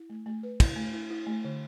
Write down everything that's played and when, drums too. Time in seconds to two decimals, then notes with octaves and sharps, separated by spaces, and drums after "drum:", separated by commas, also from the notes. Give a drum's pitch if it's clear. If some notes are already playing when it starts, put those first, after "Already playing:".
Already playing: E4
0.10 A3
0.26 A3
0.43 B4
0.60 E4, drum: kick, cymbal
0.76 A3
0.93 E4
1.10 E4
1.27 A3
1.44 D3